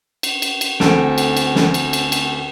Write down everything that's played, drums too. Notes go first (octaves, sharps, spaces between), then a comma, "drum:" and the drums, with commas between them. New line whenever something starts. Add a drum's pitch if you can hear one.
drum: cymbal
drum: cymbal
drum: cymbal
D2 C4 A4 F#5 A5 D7, drum: snare
drum: cymbal
drum: cymbal
drum: snare
drum: cymbal
drum: cymbal
drum: cymbal